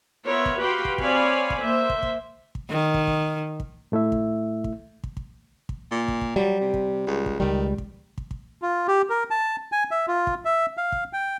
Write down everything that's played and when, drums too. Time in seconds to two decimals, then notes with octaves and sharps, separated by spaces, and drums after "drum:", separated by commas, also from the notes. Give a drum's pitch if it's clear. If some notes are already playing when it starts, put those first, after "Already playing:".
0.24 B3 F4 A#4 C#5 E5
0.46 drum: kick
0.59 F#4 G4 B4 F5 G5 C6
0.85 drum: kick
0.98 C4 C#5 D5 F5 G#5 B5, drum: kick
1.50 drum: kick
1.61 A#3 C5 E5
1.90 drum: kick
2.03 drum: kick
2.55 drum: kick
2.70 D#3
2.94 drum: kick
3.07 drum: kick
3.60 drum: kick
3.92 A2 A3 E4 E5
4.12 drum: kick
4.64 drum: kick
5.04 drum: kick
5.17 drum: kick
5.69 drum: kick
5.91 A#2
6.08 drum: kick
6.21 drum: kick
6.36 F#3 G3
6.60 C3
6.74 drum: kick
7.07 C#2
7.26 drum: kick
7.40 C#2 D#3 G3
7.78 drum: kick
8.18 drum: kick
8.31 drum: kick
8.62 F4
8.88 G4
9.10 A#4
9.30 A5
9.72 G#5
9.91 E5
10.08 F4
10.27 drum: kick
10.45 E5
10.77 F5
10.92 drum: kick
11.13 G5